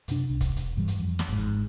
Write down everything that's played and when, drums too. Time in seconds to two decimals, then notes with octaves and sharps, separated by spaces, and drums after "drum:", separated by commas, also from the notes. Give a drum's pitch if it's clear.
0.08 F#2 C3 D4, drum: hi-hat
0.30 C2
0.41 drum: kick, hi-hat
0.56 E1, drum: hi-hat
0.77 G2 E3 G3
0.88 drum: hi-hat
1.00 F2
1.19 drum: snare
1.29 G#1 G#2